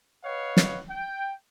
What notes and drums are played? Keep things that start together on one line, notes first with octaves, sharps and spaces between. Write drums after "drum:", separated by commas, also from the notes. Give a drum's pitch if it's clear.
B4 C#5 D#5 F5 F#5
drum: snare
G5